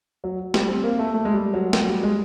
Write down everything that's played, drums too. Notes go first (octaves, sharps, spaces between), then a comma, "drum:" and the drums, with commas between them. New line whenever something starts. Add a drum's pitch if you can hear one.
F#3
G3, drum: snare
C4
A#3
A3
A3
G#3
G3
F#3
F#3, drum: snare
G3
G#3